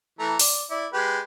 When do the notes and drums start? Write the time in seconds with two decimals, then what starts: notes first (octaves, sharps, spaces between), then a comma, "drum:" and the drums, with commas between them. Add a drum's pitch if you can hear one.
0.19 E3 A3 A#5
0.39 D5, drum: open hi-hat
0.70 E4 D5
0.94 G#3 G4 B4